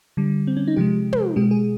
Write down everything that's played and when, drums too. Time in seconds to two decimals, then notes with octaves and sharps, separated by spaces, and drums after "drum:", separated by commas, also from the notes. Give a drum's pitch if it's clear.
0.17 D3 G3
0.47 C4
0.57 C#4
0.68 D#4
0.76 C3 F3 G#3 G4
1.13 drum: tom
1.36 B2 G#3 G4
1.51 G#4